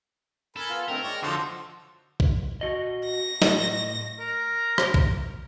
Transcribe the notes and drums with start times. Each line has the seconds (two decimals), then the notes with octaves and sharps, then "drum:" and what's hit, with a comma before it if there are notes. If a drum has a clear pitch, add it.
0.56 A4 A#4 G#5 B5
0.70 B3 F4 F5
0.88 G2 D#3 A3 C4 A#4
1.04 G#3 C#5 D5 A5
1.23 D3 F3 F#4 A4 C5 F5
2.20 drum: kick
2.61 F#4 D#5
3.04 A#6
3.42 A2 D#5, drum: snare
4.19 A#4
4.78 drum: rim click
4.94 drum: kick